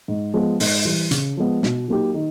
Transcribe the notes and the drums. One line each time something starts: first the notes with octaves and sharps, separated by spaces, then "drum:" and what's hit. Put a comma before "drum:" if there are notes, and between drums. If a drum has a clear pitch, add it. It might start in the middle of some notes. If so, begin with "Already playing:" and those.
G#2
F3 G#3 B3
G#2, drum: open hi-hat
E3 G3
C#3, drum: hi-hat
F3 G#3 B3
B2, drum: snare
F#3 A#3 D#4 G4
D#3